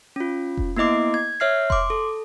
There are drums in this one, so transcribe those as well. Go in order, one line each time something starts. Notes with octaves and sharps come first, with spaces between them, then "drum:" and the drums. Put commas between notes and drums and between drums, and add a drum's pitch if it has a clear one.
C#4 F4
drum: kick F1
A#3 B3 E4 D#5 D6 C7
G#6
C#5 E5 F6 C7
C6 D6, drum: kick F1
A4